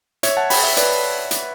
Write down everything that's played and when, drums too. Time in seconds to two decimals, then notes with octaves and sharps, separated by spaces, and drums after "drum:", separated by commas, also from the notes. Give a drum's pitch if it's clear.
0.23 C#5 E5, drum: hi-hat
0.37 F#5 A5
0.50 G5 B5, drum: open hi-hat
0.63 E5 G5
0.77 B4 D5, drum: hi-hat
1.31 drum: hi-hat